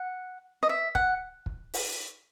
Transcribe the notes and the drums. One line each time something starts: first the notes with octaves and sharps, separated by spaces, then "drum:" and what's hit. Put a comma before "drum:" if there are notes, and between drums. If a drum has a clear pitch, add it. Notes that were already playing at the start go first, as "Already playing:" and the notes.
Already playing: F#5
D#5
E5
F#5, drum: kick
drum: kick
drum: open hi-hat